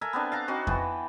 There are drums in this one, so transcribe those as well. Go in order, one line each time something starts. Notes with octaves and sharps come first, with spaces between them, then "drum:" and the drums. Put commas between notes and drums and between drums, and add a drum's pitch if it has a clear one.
A4 A#4 E5 G#5
B3 C4 D4
F5 A5 A#5
C4 D#4 F#4
E3 B3 G5 A5, drum: kick F2